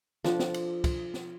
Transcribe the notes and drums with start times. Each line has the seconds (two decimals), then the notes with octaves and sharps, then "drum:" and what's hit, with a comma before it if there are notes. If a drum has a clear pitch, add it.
0.24 F3 D4 A4, drum: snare
0.39 drum: snare
0.54 drum: cymbal
0.84 drum: kick, cymbal
1.14 drum: snare